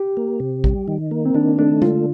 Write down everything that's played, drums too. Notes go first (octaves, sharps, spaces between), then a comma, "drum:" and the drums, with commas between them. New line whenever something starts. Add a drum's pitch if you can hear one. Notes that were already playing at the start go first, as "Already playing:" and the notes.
Already playing: G4
A#3
C3
G3, drum: kick A1
D#3
A#3
C4
D#3 D4
A3 D4
D3 F4, drum: tom G#3